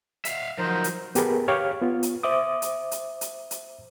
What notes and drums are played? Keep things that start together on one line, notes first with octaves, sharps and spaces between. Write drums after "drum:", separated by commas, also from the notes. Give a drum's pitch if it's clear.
E5 F5, drum: hi-hat
F3 F#3 D#4 A#4 C5
drum: hi-hat
B3 G4 G#4 A#4 B4, drum: hi-hat
G4 C#5 F5 F6
B3 F4
drum: hi-hat
C5 E5 D6 D#6
drum: hi-hat
drum: hi-hat
drum: hi-hat
drum: hi-hat